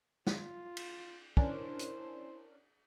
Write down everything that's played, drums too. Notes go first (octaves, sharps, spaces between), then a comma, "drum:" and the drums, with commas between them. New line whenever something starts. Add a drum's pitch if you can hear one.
F4, drum: snare
drum: cymbal
C#4 D4 E4 A#4 C5, drum: kick
drum: hi-hat